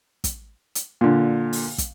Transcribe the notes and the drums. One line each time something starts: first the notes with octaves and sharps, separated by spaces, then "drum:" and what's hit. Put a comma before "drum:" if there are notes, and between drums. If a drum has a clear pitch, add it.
drum: kick, hi-hat
drum: hi-hat
A#2 D3
drum: open hi-hat
drum: kick, hi-hat